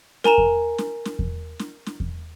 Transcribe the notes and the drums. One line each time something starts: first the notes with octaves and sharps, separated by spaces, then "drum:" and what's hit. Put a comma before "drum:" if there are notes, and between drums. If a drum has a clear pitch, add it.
A#4 G#5 A#5 E7, drum: snare
drum: kick E2
drum: snare
drum: snare
drum: kick E2
drum: snare
drum: snare
drum: kick E2